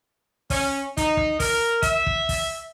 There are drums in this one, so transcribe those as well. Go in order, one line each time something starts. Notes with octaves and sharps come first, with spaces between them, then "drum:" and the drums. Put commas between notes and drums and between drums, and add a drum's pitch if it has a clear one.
C#4, drum: kick, open hi-hat
D#4, drum: kick, hi-hat
drum: kick
A#4, drum: kick, open hi-hat
E5, drum: kick, hi-hat
drum: kick
drum: kick, open hi-hat